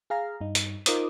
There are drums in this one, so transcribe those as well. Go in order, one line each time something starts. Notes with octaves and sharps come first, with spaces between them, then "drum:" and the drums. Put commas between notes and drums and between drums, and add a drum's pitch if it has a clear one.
G#4 F5 A#5
G2 D#4
drum: hi-hat
D#4 F4 A#4 C5 D6 D#6, drum: hi-hat